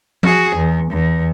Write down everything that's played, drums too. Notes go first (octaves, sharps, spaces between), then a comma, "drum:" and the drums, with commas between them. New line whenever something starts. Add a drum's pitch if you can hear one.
F#4 G#4, drum: tom F3
E2
E2